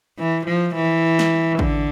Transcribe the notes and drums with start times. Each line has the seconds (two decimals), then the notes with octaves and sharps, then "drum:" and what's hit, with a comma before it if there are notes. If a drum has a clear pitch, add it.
0.19 E3
0.46 F3
0.75 E3
1.19 drum: snare
1.59 D3, drum: kick A1